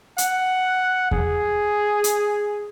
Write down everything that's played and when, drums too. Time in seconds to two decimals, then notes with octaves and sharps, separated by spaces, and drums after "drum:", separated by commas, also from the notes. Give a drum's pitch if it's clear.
0.18 F#5, drum: hi-hat
1.11 G#4, drum: kick E2
2.04 drum: hi-hat